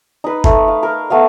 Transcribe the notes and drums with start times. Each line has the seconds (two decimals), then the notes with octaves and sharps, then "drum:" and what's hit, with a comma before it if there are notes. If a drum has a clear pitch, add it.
0.24 D#4 B4
0.44 A3, drum: kick
0.68 F5
0.83 A#4
1.10 A3 B3 F5